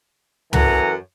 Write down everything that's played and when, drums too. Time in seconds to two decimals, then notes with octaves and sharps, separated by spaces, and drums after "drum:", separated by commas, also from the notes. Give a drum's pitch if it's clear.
0.53 F#2 E3 A4 F#5 G#5 A#5, drum: tom